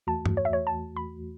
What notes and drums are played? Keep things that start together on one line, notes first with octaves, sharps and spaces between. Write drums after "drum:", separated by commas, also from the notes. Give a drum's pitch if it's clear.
E2 E3 A3 F#4 A5
drum: tom G2
C#5
E5
C#5
A5
B5